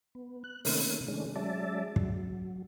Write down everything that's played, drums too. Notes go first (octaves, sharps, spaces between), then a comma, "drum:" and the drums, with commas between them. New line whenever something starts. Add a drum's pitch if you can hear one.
B3
F#6
C3 D#3 A3 A#3 C#4, drum: open hi-hat
C3 D#3 G#3 A3 C#4 D4
F#3 G#3 C#4 D5 E5 A5
F#3, drum: kick